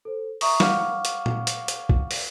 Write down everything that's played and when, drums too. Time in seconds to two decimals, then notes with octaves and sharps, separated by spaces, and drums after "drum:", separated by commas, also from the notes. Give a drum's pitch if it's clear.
0.05 A4 C5
0.41 E5 A#5 C#6 D#6, drum: open hi-hat
0.60 C#5 F5 F#5 C#6 D6 F6, drum: snare
1.05 drum: hi-hat
1.26 drum: tom A#2
1.47 drum: hi-hat
1.68 drum: hi-hat
1.89 drum: kick
2.11 drum: open hi-hat